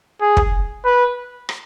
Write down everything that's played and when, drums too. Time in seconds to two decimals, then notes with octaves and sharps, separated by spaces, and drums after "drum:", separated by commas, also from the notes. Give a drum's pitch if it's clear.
0.21 G#4
0.37 drum: kick
0.85 B4
1.49 drum: rim click